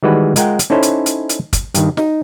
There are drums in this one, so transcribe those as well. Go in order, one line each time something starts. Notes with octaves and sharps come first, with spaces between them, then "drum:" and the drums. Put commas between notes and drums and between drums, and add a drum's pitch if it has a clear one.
D#3 E3 G3 G#3 F#4 B4
G#3 F4 A#4 F#5 G5, drum: hi-hat
drum: hi-hat
C#4 D#4 E4 A4 C5 C#5
drum: hi-hat
drum: hi-hat
drum: hi-hat
drum: kick, hi-hat
G2 D#3, drum: hi-hat
D#4, drum: snare